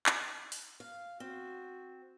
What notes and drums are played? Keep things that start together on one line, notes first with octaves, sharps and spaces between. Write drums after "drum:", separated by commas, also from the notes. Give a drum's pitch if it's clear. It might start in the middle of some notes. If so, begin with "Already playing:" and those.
drum: clap
drum: open hi-hat
F5
C4 F#4